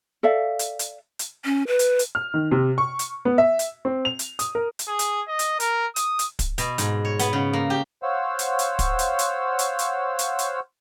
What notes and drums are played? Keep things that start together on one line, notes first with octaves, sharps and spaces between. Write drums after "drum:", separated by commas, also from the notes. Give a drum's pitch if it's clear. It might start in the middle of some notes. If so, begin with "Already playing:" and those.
A4 D5 E5 F5
drum: hi-hat
drum: hi-hat
drum: hi-hat
C#4
B4
drum: hi-hat
drum: hi-hat
F6
D#3
C3
C#6
drum: hi-hat
B3
E5
drum: hi-hat
C4
F7
drum: hi-hat
D#6, drum: hi-hat
A#4
drum: hi-hat
G#4
drum: hi-hat
D#5
drum: hi-hat
A#4, drum: hi-hat
D#6, drum: hi-hat
drum: hi-hat
drum: kick, hi-hat
B2, drum: hi-hat
G#2, drum: hi-hat
C#5
B3, drum: hi-hat
C#3
A#3
G4
C5 C#5 F5 F#5 E6
drum: hi-hat
drum: hi-hat
drum: kick, hi-hat
drum: hi-hat
drum: hi-hat
drum: hi-hat
drum: hi-hat
drum: hi-hat
drum: hi-hat